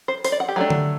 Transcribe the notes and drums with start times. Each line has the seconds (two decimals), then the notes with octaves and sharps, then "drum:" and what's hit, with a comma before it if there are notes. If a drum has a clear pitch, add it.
0.08 C5
0.24 C5, drum: open hi-hat
0.32 D5
0.40 F#5
0.49 G4
0.56 F#3 A3 D4
0.70 drum: tom D3